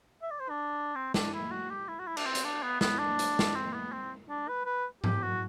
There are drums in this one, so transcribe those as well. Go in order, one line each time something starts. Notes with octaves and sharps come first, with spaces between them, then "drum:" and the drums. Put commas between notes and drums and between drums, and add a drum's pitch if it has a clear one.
E5
D5
C5
D4
C4
D4, drum: snare
E4
F#4
G4
E4
F#4
E4
D4, drum: cymbal
C4
drum: hi-hat
D4
B3
B3, drum: snare
D4
drum: hi-hat
drum: snare
C4
B3
C4
D4
B4
B4
G4, drum: tom G#2
F#4